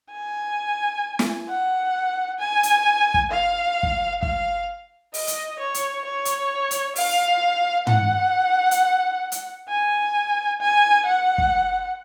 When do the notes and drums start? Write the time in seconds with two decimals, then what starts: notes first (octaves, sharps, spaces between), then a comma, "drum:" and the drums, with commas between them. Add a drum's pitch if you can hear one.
0.12 G#5
1.19 drum: snare
1.49 F#5
2.40 G#5
2.63 drum: hi-hat
3.14 drum: kick
3.31 F5
3.83 drum: kick
4.23 F5, drum: kick
5.14 D#5, drum: open hi-hat
5.27 drum: hi-hat
5.59 C#5
5.74 drum: hi-hat
6.05 C#5
6.25 drum: hi-hat
6.71 drum: hi-hat
6.96 F5, drum: open hi-hat
7.87 F#5, drum: tom
8.71 drum: hi-hat
9.32 drum: hi-hat
9.70 G#5
10.61 G#5
11.06 F#5
11.38 drum: kick